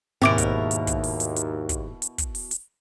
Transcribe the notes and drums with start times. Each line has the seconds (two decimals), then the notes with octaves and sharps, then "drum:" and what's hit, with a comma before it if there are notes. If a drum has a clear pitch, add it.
0.22 D#2 G#2 B2 C4 E4 A#4 D6 D7
0.38 drum: kick, hi-hat
0.71 drum: hi-hat
0.87 drum: kick, hi-hat
1.04 drum: open hi-hat
1.20 drum: hi-hat
1.36 drum: hi-hat
1.69 drum: kick, hi-hat
2.02 drum: hi-hat
2.18 drum: kick, hi-hat
2.35 drum: open hi-hat
2.51 drum: hi-hat